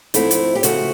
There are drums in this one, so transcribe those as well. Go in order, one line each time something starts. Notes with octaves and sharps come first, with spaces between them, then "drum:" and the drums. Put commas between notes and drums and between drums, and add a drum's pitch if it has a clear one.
G#2 F3 A3 C4 E4, drum: hi-hat
drum: hi-hat
G4
C#3 F3 A3 F#4, drum: hi-hat